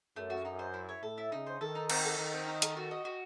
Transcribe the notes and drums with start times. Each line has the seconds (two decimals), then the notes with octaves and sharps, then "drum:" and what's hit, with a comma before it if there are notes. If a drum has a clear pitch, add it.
0.16 F#2 A3
0.30 F#4
0.45 D#4
0.59 C5
0.74 E4
0.89 C#5
1.02 A2 A4
1.18 E4
1.32 C#3 D#4
1.47 C5
1.61 D#3 A4
1.75 D#4
1.90 C4, drum: cymbal
2.04 A4
2.18 D#3 D#4
2.33 C4
2.47 D#4
2.62 A4, drum: hi-hat
2.77 F#4
2.91 D#5
3.05 F#4